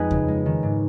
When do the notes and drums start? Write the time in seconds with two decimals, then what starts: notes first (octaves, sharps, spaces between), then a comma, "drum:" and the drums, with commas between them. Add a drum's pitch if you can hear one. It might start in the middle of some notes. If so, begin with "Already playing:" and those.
Already playing: F2 G#3 D#4 G#4 B4 D#5
0.11 C#3, drum: kick D#2
0.28 G#3
0.46 D#3
0.63 G#2